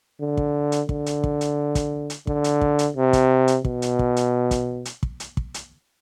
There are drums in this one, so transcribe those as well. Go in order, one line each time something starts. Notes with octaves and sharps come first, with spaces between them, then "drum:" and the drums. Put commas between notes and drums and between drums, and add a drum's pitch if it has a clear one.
D3
drum: kick
drum: hi-hat
D3, drum: kick
drum: hi-hat
drum: kick
drum: hi-hat
drum: kick, hi-hat
drum: hi-hat
D3, drum: kick
drum: hi-hat
drum: kick
drum: hi-hat
C3
drum: kick, hi-hat
drum: hi-hat
B2, drum: kick
drum: hi-hat
drum: kick
drum: hi-hat
drum: kick, hi-hat
drum: hi-hat
drum: kick
drum: hi-hat
drum: kick
drum: hi-hat